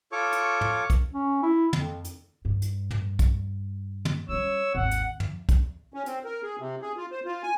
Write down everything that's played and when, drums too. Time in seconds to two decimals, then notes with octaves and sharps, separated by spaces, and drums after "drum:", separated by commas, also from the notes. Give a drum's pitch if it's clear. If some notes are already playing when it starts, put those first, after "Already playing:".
0.12 F4 A4 C#5 C#6 D6
0.32 drum: hi-hat
0.61 drum: tom
0.90 drum: kick, hi-hat
1.13 C#4
1.43 E4
1.73 F2, drum: tom
2.05 drum: hi-hat
2.45 G2
2.62 drum: hi-hat
2.91 drum: tom
3.19 drum: kick, hi-hat
4.05 drum: tom
4.29 G3 C#4 C#5 E6
4.75 G#1 D#2 F#5
4.91 drum: hi-hat
5.20 drum: tom
5.49 drum: kick, hi-hat
5.94 C#4
6.06 C4, drum: hi-hat
6.25 A#4
6.42 G#4
6.59 C3
6.82 G#4
6.97 F4
7.12 C5
7.25 F4
7.43 G#5